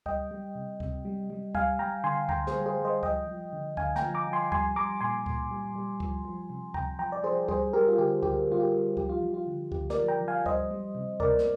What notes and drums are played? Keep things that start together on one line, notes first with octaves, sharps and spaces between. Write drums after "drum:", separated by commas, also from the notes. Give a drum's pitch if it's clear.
G3 D#5 G5, drum: kick C#2
G3
C3
C3, drum: kick C#2
G3
G3
G3 F5 G#5, drum: kick C#2
G3 G5 A#5
D3 G#5 C6
D3 G5 A#5, drum: kick C#2
G#4 C5, drum: snare
G3
G#4 C5
G3
C5 D#5
F3 D#5 G5, drum: kick C#2
F3
D3
D3 F5 G#5, drum: kick C#2
G5 A#5, drum: snare
F3
A#5 D6
F3
G#5 C6
G3 G#5 C6, drum: kick C#2
G3 A#5 D6
A#2 G#5 C6
A#2, drum: kick C#2
G3
G3
F3, drum: kick C#2
F3
C3
C3 G5 A#5, drum: kick C#2
F3 G5 A#5
D5
F3 G#4 C5
G3 G#4 C5, drum: kick C#2
G3 G4 A#4
F4
D3 G4
D3 G4, drum: kick C#2
G3 F4
G4
G3
F3 G4, drum: kick C#2
F4
F3
F4
D3
D3 G4, drum: kick C#2
A#4 D5, drum: snare
F3
G5 A#5
F3
F5 G#5
G3 C5 D#5, drum: kick C#2
G3
C3
C3 A#4 D5, drum: kick C#2
drum: snare